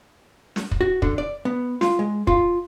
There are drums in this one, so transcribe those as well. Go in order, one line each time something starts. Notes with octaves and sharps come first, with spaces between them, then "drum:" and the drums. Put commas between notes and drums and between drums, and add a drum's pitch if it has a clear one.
drum: snare
drum: kick
F#4
D3, drum: kick
D5
B3
F4, drum: snare
G#3
F4, drum: kick